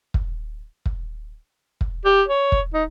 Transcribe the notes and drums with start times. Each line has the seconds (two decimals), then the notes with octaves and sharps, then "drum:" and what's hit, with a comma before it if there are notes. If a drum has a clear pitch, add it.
0.14 drum: kick
0.86 drum: kick
1.81 drum: kick
2.05 G4
2.28 C#5
2.52 drum: kick
2.74 D#4